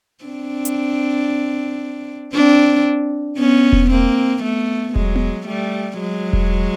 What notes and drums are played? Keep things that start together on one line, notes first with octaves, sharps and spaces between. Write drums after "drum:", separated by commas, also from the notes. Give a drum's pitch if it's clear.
C4 D4
drum: hi-hat
C4 D4
B3 C#4
drum: kick E1
A#3 C4
A3 B3
F#3 G#3, drum: kick E1
drum: tom B3
G3 A3
F#3 G#3
drum: kick E1